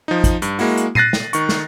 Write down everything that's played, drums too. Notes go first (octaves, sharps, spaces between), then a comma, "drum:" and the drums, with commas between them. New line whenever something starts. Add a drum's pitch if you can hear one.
F3 D#4
drum: kick, hi-hat
G2, drum: hi-hat
G#3 A#3 E4 F#4, drum: open hi-hat
drum: hi-hat
F#6 A6 A#6 C7 D#7, drum: tom A#2
drum: snare
D#3 C#6, drum: hi-hat
drum: snare